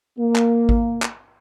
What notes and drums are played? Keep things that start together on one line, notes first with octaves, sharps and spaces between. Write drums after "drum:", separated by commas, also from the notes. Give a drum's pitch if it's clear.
A#3
drum: clap
drum: kick G#1
drum: clap